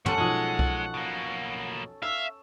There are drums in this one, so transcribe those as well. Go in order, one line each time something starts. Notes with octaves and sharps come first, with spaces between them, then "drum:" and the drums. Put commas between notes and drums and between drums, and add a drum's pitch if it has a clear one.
G2 C3 C#4 A4 F#5, drum: tom
B1 F3 G#3 D#6
drum: kick C2
B2 A#3
E5 F5 E6